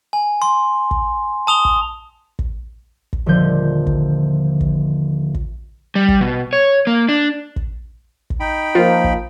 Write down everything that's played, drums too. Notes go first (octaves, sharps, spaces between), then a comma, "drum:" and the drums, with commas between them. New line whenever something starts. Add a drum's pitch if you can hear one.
G#5
C6
drum: kick
A5 D#6 F7 G7
drum: kick
drum: kick
drum: kick
D#1 D3 F3 G6
drum: kick
drum: kick
drum: kick
G3
drum: kick
B2
C#5
A#3
D4
drum: kick
drum: kick
D#4 G5 B5
F3 A#3 F4
drum: kick